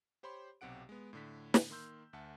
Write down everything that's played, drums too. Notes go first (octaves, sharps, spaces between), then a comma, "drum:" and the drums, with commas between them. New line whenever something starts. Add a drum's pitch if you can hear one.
G4 C5 C#5 B5 C6
B1 C3 G4 F#5 D7
G#3 B3
A2 D3 B6
drum: snare
D#3 A#3 C6 E6 G6
D2 E5 F#5 A5